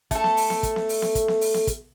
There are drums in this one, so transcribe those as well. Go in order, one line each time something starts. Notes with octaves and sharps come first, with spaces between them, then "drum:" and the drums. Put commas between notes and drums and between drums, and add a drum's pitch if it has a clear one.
A3 A4, drum: kick, hi-hat
drum: snare B3
drum: open hi-hat
drum: snare B3
drum: kick, hi-hat
drum: snare B3
drum: open hi-hat
drum: snare B3
drum: kick, hi-hat
drum: snare B3
drum: open hi-hat
drum: snare B3
drum: kick, hi-hat